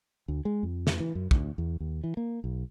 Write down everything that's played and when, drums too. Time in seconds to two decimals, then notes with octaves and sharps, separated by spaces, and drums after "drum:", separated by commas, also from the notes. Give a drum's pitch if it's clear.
0.28 D2
0.45 G#3
0.63 F2
0.87 drum: snare
1.00 E3
1.15 F#2
1.31 D2, drum: kick
1.58 E2
1.80 D#2
2.04 E3
2.17 A#3
2.44 B1